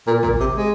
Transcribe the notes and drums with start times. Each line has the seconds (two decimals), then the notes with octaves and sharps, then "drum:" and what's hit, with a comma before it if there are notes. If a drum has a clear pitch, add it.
0.07 A#2
0.23 A#2, drum: kick
0.40 C3
0.56 G#3